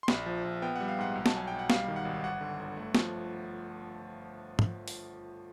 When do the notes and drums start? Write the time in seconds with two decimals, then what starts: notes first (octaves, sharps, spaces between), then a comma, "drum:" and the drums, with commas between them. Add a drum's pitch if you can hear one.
0.03 C6
0.08 A#1 B5, drum: snare
0.26 F3
0.44 A#1
0.62 B3 G5
0.76 G3 F#5
0.88 F5
0.99 G#2 F#5
1.15 B1
1.26 A5, drum: snare
1.34 F#3 G#5
1.47 B1 G5
1.59 F#5
1.70 G3 F5, drum: snare
1.88 D#3
1.96 F#5
2.05 G#1
2.24 G1 F#5
2.41 D3
2.59 G1
2.77 A3
2.95 F3, drum: snare
4.59 drum: tom G#2
4.88 drum: open hi-hat